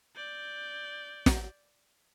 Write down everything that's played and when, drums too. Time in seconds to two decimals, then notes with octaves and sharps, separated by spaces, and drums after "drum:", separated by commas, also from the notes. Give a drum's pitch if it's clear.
0.16 D5 G6
1.26 drum: snare